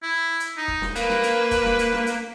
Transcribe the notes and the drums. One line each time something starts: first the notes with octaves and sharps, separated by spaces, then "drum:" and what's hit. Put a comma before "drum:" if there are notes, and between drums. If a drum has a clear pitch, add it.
E4
drum: hi-hat
D#4
drum: kick
drum: snare
A#3 B4, drum: hi-hat
drum: snare
drum: hi-hat
drum: kick, hi-hat
drum: snare
drum: hi-hat
drum: snare
drum: hi-hat